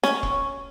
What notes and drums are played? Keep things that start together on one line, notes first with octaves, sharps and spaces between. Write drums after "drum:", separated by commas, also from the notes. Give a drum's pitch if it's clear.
C#4, drum: snare
drum: kick E1